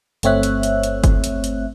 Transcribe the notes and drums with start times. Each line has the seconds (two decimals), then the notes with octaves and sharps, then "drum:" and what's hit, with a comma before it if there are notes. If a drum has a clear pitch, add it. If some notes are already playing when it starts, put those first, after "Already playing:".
0.23 G1 A3 C4 C#5 E5 F#6, drum: hi-hat
0.43 drum: hi-hat
0.63 drum: hi-hat
0.83 drum: hi-hat
1.04 drum: kick F#1, hi-hat
1.24 drum: hi-hat
1.44 drum: hi-hat